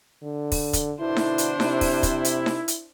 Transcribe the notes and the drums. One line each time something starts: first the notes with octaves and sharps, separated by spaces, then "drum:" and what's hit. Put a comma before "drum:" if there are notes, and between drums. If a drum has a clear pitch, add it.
D3
drum: kick, open hi-hat
drum: kick, hi-hat
B2 D3 D4 E4 C5
drum: snare D#4
drum: hi-hat
C3 E4, drum: snare D#4
drum: kick, open hi-hat
drum: kick, hi-hat
drum: hi-hat
drum: snare D#4
drum: hi-hat